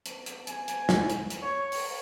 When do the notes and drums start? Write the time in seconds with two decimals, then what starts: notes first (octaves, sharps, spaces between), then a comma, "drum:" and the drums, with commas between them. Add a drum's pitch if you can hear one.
0.06 drum: hi-hat
0.26 drum: hi-hat
0.47 G#5, drum: hi-hat
0.68 drum: hi-hat
0.89 drum: snare
1.10 drum: hi-hat
1.30 drum: hi-hat
1.42 C#5
1.72 drum: open hi-hat